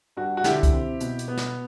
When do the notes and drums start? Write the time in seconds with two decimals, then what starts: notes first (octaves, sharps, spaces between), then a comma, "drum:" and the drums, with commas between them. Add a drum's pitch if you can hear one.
0.17 G2 F#4
0.37 F#4
0.44 D3 E4 G4, drum: snare
0.63 drum: kick C2, hi-hat
0.73 C4
1.00 B2, drum: hi-hat
1.19 drum: hi-hat
1.28 B3
1.37 drum: snare